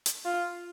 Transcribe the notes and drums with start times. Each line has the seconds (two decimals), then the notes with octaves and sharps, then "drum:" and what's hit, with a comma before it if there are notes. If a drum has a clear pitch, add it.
0.06 drum: hi-hat
0.25 F4